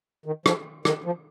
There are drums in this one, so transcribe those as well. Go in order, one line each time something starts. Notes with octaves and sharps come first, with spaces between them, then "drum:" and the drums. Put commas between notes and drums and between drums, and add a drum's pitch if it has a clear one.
D#3
F3, drum: rim click
D#3, drum: rim click
F3